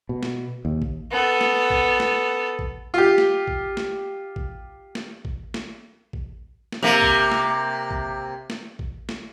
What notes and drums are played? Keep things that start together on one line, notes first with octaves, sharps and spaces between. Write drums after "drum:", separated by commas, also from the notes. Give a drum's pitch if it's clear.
B2
drum: snare
D#2
drum: kick
B3 A4
drum: snare
drum: kick
drum: snare
drum: kick
F4 G4
drum: snare
drum: kick
drum: snare
drum: kick
drum: snare
drum: kick
drum: snare
drum: kick
drum: snare
C3 A#3
drum: kick
drum: snare
drum: kick
drum: snare
drum: kick
drum: snare